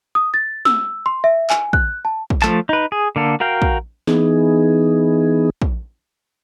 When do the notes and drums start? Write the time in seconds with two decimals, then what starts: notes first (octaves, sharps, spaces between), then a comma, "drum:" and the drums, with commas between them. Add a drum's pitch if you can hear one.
0.15 D#6
0.34 A6
0.65 E6, drum: snare
1.06 C6
1.24 E5
1.50 G#5, drum: clap
1.73 F#6, drum: kick
2.05 A5
2.30 drum: kick
2.42 F3 A3 A5, drum: clap
2.69 D#4 B4
2.92 G#4
3.16 D3 A#3 A4
3.40 F#4 A#4 F5 G5
3.62 drum: kick
4.07 E3 B3 D#4 G#4, drum: snare
5.62 drum: kick